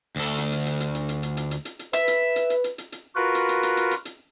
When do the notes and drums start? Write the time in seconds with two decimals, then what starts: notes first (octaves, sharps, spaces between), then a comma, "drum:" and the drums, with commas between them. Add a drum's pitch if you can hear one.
0.16 D2 A4
0.38 drum: hi-hat
0.52 drum: hi-hat
0.66 drum: hi-hat
0.80 drum: hi-hat
0.95 drum: hi-hat
1.09 drum: hi-hat
1.23 drum: hi-hat
1.37 drum: hi-hat
1.51 drum: hi-hat
1.65 drum: hi-hat
1.79 drum: hi-hat
1.93 B4 E5, drum: hi-hat
2.08 drum: hi-hat
2.36 drum: hi-hat
2.50 drum: hi-hat
2.64 drum: hi-hat
2.78 drum: hi-hat
2.92 drum: hi-hat
3.15 F4 F#4 A#4 B4
3.35 drum: hi-hat
3.49 drum: hi-hat
3.63 drum: hi-hat
3.77 drum: hi-hat
3.91 drum: hi-hat
4.05 drum: hi-hat